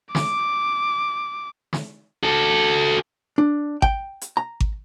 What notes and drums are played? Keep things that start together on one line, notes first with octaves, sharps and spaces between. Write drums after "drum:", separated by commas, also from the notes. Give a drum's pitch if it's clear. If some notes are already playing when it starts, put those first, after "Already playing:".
D6, drum: snare
drum: snare
F#4 A4
D4
G5, drum: kick G#1
drum: hi-hat
A#5
drum: kick G#1